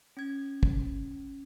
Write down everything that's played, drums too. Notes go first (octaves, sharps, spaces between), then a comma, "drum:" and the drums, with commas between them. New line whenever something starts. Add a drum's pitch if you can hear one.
C#4 G#6
drum: kick